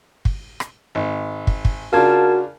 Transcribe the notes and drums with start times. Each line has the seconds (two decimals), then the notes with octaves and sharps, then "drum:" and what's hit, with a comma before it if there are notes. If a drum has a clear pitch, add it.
0.25 drum: kick
0.60 drum: rim click
0.95 G#1
1.47 drum: kick
1.65 drum: kick
1.93 C#3 D4 F4 F#4 A#4 A5 G#6